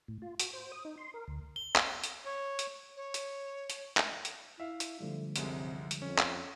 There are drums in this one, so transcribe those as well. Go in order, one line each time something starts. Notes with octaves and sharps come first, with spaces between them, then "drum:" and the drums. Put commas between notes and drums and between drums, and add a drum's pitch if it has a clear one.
A2
F4
F#4, drum: hi-hat
C5
D#6
D#4
C6
A#4
D2
G7
drum: clap
drum: hi-hat
C#5
drum: hi-hat
C#5
drum: hi-hat
drum: hi-hat
drum: clap
drum: hi-hat
E4 E5 F5
drum: hi-hat
D3 F3 G3 A3
C2 F#2 C3 G#3, drum: hi-hat
drum: hi-hat
F2 C#4
drum: clap